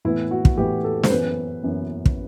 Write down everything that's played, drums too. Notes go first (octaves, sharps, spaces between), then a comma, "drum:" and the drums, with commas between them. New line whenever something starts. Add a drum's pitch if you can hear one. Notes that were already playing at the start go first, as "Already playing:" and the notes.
A2 E3 B3 E4
F#4
drum: kick
A2 E3 B3 G4
A4
C5, drum: snare
F#2 E3 B3 B4
F#2 E3 B3
drum: kick